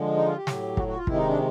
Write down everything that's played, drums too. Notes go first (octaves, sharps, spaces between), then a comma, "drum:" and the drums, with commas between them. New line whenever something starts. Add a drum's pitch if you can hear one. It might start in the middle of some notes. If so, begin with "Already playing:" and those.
Already playing: D3 F3 G#3
D#4
F4
G4
A2 F#3, drum: snare
F#4, drum: kick
F#4
F4
C3 D#3 G#3 E4, drum: kick
D#4
D4